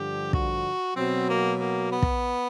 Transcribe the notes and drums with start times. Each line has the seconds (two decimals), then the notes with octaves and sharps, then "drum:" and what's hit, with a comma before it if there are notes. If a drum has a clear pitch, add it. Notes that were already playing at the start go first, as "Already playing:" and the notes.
Already playing: G2 D3 F3 G4
0.33 F#4, drum: kick
0.97 B2 F#3 C4
1.28 A#3
1.60 A#3
1.92 B3
2.02 drum: kick